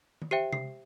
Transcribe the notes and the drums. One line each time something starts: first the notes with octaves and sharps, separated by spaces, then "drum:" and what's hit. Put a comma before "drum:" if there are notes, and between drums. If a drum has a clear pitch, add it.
drum: tom D#3
G4 C5 E5 G5 C7
C7, drum: tom C3